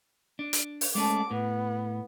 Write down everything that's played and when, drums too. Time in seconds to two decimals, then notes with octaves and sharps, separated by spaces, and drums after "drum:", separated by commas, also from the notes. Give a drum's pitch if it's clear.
0.39 D4
0.53 drum: hi-hat
0.81 drum: open hi-hat
0.95 G#3 A3 C#4 A5 D6
1.31 A2 B3